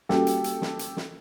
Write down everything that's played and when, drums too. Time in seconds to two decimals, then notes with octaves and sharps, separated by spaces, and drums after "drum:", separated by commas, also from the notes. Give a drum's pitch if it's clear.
0.09 G3 A#3 C#4 F#4 G4 A4, drum: snare
0.27 drum: hi-hat
0.44 drum: hi-hat
0.62 drum: snare
0.79 drum: hi-hat
0.97 drum: snare